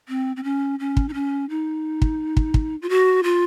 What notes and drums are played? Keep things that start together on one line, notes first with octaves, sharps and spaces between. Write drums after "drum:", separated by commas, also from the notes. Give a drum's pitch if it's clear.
C4
C4
C#4
C#4
drum: kick
D#4
C#4
D#4
drum: kick
drum: kick
drum: kick
F4
F#4
F4